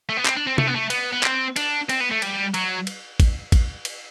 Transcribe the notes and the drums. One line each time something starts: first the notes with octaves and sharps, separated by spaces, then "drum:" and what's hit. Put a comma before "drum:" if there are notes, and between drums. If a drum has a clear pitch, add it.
A3
B3
C4, drum: clap
D4
C4
A3, drum: tom C3
B3
A3
B3, drum: cymbal
B3
C4, drum: clap
D4, drum: cymbal
C4, drum: cymbal
B3
A3
G3, drum: cymbal
F#3, drum: cymbal
drum: cymbal
drum: kick, cymbal
drum: kick, cymbal
drum: cymbal